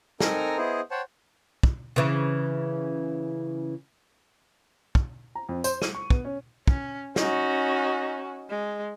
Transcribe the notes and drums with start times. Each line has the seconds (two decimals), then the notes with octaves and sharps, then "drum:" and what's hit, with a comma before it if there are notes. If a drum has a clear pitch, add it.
0.20 C4 D#4 A4 A#4 G#5 A#5, drum: snare
0.57 B3 E4 G#4 C5 D#5
0.91 C5 C#5 F#5 G5 A5
1.63 drum: kick
1.96 C#3 E3
4.95 drum: kick
5.35 A#5
5.49 F2
5.64 C5, drum: tambourine
5.82 D#7, drum: snare
5.95 C#6
6.10 B3, drum: kick
6.25 C#4
6.67 C#4, drum: kick
7.16 C#4 D#4 F#4, drum: snare
8.50 G#3